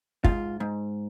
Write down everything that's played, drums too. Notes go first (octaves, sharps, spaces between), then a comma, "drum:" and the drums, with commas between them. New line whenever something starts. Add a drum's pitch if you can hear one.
G#2 F4, drum: kick
G#2